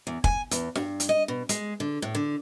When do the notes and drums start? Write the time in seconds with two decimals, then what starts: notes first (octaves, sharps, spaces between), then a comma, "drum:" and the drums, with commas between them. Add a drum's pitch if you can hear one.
0.07 E2
0.24 G#5, drum: kick
0.51 E2, drum: hi-hat
0.75 G2, drum: snare
1.00 drum: hi-hat
1.09 D#5
1.28 B2
1.49 G#3, drum: hi-hat
1.80 D3
2.02 A2
2.15 D3